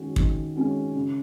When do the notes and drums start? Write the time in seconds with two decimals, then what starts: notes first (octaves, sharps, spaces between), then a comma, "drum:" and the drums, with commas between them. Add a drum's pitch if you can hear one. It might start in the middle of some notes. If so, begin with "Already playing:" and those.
Already playing: D#3 G#3 C#4 F#4
0.16 D#3, drum: kick
0.56 G#3 C#4 F#4
0.95 C#3